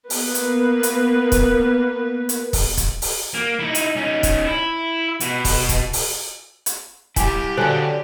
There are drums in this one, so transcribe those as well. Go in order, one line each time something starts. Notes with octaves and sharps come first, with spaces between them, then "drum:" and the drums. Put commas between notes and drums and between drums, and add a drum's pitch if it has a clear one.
A#3 B3 B4, drum: open hi-hat
drum: hi-hat
drum: hi-hat
drum: kick, hi-hat
drum: hi-hat
drum: kick, open hi-hat
drum: kick, hi-hat
drum: open hi-hat
A#3
D#4 E4
drum: hi-hat
C#4 D#4
drum: kick, hi-hat
E4
B2, drum: hi-hat
drum: kick, open hi-hat
drum: kick, hi-hat
drum: open hi-hat
drum: hi-hat
G3 E4 G4 G#5, drum: kick, hi-hat
D3 F#3 D4 F#4 C5 F5 G#5